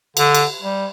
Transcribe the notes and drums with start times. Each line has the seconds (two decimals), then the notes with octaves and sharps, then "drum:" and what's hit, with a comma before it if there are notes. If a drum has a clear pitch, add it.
0.17 D3, drum: cymbal
0.35 drum: cymbal
0.62 G3